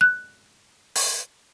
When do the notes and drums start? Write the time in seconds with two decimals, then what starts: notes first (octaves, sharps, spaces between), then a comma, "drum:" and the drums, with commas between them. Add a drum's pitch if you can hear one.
0.01 F#6
0.95 drum: open hi-hat